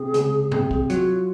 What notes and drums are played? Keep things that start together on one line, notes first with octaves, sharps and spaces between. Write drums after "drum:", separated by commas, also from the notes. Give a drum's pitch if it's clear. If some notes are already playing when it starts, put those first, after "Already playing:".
Already playing: C3 G#4
C#2, drum: hi-hat
C3, drum: tom G2
drum: kick
F#3 F4, drum: hi-hat